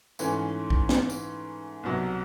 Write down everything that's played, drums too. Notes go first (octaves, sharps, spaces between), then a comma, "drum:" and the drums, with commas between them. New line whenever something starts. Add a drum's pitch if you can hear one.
G#2 E3 A3 C#4, drum: tambourine
drum: kick
drum: snare
drum: tambourine
C2 B2 F#3